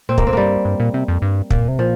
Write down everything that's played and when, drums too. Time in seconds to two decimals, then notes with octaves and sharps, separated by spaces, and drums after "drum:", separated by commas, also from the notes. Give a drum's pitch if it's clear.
0.09 A#2 C4
0.18 A#3, drum: kick
0.27 A#2 C4
0.33 G2 G3 A#3
0.65 G2
0.80 A#2
0.94 C3
1.08 F2
1.22 G2
1.50 A#2, drum: kick
1.68 C3
1.79 A#2 F3